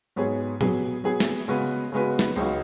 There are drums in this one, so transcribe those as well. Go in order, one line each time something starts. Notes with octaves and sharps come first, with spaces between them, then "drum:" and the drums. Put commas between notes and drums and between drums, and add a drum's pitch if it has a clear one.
G#2 F#3 B3 G#4 C#5
F#3 B3 G#4, drum: tom A#2
F#3 B3 G#4
drum: snare
C#3 G#3 B3 F#4 B4
C#3 G#3 B3 F#4 B4
drum: snare
C#2 C#3 F#3 D#4 F#4